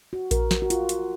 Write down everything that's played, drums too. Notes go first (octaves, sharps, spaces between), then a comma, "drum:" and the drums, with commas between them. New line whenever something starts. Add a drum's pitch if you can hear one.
F#4
A#4, drum: kick A#1, hi-hat
drum: snare
F#4
F4, drum: hi-hat
drum: hi-hat